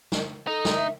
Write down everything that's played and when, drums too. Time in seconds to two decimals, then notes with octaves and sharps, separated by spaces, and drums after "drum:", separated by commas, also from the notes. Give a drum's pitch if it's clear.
0.12 drum: snare
0.47 D#4 A4
0.65 drum: snare
0.75 E5